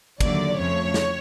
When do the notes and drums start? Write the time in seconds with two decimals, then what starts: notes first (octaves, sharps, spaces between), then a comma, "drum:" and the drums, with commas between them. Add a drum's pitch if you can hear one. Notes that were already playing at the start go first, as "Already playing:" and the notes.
0.20 D#2 D3 F#3 A3 D5, drum: kick, cymbal
0.57 F2 C#3 F3 A3 C#5
0.94 drum: snare